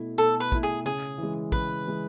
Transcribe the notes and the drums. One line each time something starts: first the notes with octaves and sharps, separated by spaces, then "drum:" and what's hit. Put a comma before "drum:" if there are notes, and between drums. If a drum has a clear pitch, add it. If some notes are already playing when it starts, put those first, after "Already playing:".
Already playing: B2 A3 E4
B2 A4
B4
A3 E4, drum: kick
G#4
C#3 G#4
E3 G#3
C#3 B4, drum: kick
E3 G#3